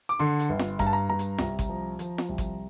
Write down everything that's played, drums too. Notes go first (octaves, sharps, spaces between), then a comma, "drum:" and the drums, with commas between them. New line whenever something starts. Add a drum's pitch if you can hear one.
D6
D3 C6
drum: hi-hat
G1
drum: snare F4
G2 A#5, drum: kick G#1, hi-hat
A5
A#5
G2 A#5
drum: hi-hat
C2, drum: snare F4
drum: kick G#1, hi-hat
F3
F3, drum: hi-hat
drum: snare F4
C2
drum: kick G#1, hi-hat